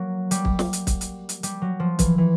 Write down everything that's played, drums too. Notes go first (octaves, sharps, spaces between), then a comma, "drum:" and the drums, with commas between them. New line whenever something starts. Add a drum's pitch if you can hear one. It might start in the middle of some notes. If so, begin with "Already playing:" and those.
Already playing: F#3 A#3
G3, drum: hi-hat
drum: kick
drum: snare
drum: hi-hat
drum: kick, hi-hat
drum: hi-hat
drum: hi-hat
G3, drum: hi-hat
F#3
F3
E3, drum: kick, hi-hat
E3